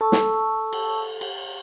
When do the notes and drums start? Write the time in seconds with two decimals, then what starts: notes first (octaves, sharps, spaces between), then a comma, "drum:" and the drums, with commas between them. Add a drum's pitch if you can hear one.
0.01 A4 A5 C#6 E6
0.12 drum: snare
0.73 drum: cymbal
1.21 drum: cymbal